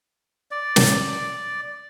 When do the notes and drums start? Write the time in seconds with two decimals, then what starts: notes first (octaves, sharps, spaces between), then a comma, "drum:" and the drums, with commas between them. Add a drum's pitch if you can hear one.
0.51 D5
0.76 drum: snare